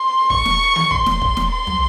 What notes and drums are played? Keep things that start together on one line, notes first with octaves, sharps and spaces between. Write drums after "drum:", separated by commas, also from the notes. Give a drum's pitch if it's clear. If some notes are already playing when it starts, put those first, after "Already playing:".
Already playing: C6
C#6, drum: kick
drum: snare
drum: tom D#3
C6, drum: kick
drum: snare
drum: kick
drum: snare
C6
drum: tom